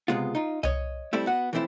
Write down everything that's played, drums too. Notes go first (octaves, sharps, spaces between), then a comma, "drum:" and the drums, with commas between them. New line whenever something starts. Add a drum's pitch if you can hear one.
C#2 C3 G#3 B3 F4
D#4 F4
C#5 D#5, drum: tom C2
G3 A3 C4 E4 A4
B3 F#4 F#5
E3 F3 A3 C4 E4